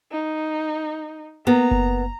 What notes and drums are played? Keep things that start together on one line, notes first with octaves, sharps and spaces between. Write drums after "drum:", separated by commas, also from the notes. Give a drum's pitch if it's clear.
D#4
A#3 B3 A#5
drum: kick F#1